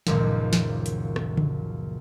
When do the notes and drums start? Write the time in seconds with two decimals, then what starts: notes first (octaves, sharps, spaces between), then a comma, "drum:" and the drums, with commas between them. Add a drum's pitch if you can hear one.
0.07 F#1 C#2 F#2 A#2 D#3 F3, drum: snare
0.53 drum: snare
0.86 drum: hi-hat
1.16 drum: rim click
1.37 drum: tom C#3